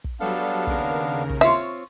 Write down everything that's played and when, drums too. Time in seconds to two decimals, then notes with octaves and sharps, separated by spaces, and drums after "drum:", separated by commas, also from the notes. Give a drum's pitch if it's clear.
0.04 drum: kick
0.20 F#3 G3 B3 D4 A4 F5
0.67 D#2 C#3 A#4, drum: kick
1.30 drum: kick
1.41 C4 F4 C#5 E5